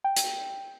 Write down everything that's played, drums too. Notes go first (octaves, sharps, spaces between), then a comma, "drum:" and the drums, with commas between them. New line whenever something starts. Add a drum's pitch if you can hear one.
G5
drum: hi-hat